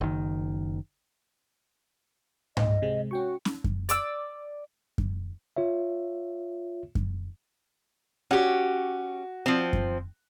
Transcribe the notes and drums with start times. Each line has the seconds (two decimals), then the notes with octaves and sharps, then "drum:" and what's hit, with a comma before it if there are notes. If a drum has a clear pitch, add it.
0.01 F#1 D#3
2.57 C#2 G#2 D#5, drum: tom G#2
2.82 C3 G#3 C4
3.11 C#4 F#4 G5 C#6
3.45 drum: snare C#4
3.64 drum: kick F#2
3.89 D5 D6 E6, drum: hi-hat
4.98 drum: kick F#2
5.57 F4 C#5 E5
6.95 drum: kick F#2
8.31 C#4 F#4 G4
9.46 F3 C4
9.73 drum: kick F#2